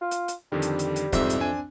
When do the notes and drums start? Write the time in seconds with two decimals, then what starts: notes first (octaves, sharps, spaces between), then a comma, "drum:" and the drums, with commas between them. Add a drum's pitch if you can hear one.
0.01 F4
0.11 drum: hi-hat
0.28 drum: hi-hat
0.52 F2 D3 D#3 G3
0.62 drum: hi-hat
0.79 drum: hi-hat
0.96 drum: hi-hat
1.13 C2 F2 G#2 C5 E5, drum: kick, hi-hat
1.30 drum: hi-hat
1.40 C4 D4 G#5